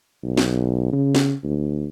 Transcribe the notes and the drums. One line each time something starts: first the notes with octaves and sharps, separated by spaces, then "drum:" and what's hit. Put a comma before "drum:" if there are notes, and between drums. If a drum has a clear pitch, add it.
B1
drum: snare
C#3
drum: snare
D2